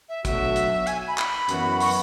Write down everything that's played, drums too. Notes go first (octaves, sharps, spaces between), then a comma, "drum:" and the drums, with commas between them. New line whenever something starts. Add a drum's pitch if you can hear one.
E5
B2 F#3 A3 D4 F#4 E5, drum: kick, hi-hat
drum: hi-hat
G#5, drum: hi-hat
B5
B5, drum: clap
F#2 E3 B3 F#4, drum: hi-hat
C#6, drum: open hi-hat